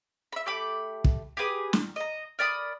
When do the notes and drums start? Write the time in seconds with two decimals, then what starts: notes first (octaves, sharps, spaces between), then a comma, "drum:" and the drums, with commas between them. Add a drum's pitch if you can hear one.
0.32 E5 B5
0.46 A3 G4 B5 D6
1.04 drum: kick
1.37 G4 G#4 B4 D#6
1.73 drum: snare
1.96 D#5 A#5
2.39 A#4 D5 B5 D#6